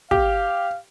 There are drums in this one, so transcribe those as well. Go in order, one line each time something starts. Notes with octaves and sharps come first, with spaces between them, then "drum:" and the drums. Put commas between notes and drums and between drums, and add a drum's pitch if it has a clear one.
G4 F5, drum: kick